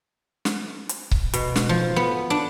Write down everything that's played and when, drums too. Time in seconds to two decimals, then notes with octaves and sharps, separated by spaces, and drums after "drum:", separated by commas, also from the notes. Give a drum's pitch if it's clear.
0.45 drum: snare
0.89 drum: hi-hat
1.11 drum: kick C#1
1.34 B2, drum: hi-hat
1.56 drum: snare
1.69 F3
1.96 B3
2.30 D4